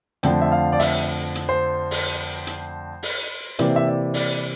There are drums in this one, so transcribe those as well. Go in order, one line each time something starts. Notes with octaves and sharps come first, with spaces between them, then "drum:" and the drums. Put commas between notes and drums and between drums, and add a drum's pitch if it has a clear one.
F2 D3 A3 G5, drum: hi-hat
E5
F5
D5
E5, drum: open hi-hat
drum: hi-hat
C5
drum: open hi-hat
drum: hi-hat
drum: open hi-hat
C3 E3 A#3 D5, drum: hi-hat
E5
D5
D5, drum: open hi-hat